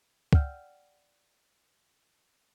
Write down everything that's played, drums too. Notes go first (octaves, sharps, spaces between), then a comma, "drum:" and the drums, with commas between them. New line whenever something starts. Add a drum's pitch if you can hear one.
D5 F#5 G5 E6 F6 G6, drum: kick